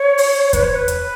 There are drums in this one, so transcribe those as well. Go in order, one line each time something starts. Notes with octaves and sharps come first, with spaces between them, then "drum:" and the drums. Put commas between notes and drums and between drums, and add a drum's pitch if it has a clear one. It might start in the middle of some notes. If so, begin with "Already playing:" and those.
Already playing: C#5
drum: open hi-hat
B4, drum: kick E2, hi-hat
C#5
B4
drum: hi-hat